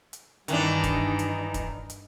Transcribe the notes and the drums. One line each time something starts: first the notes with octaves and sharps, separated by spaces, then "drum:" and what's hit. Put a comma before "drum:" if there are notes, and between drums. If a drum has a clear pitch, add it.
drum: hi-hat
G2 D#3 E3 D4 D#4, drum: hi-hat
drum: kick, hi-hat
drum: hi-hat
drum: kick, hi-hat
drum: hi-hat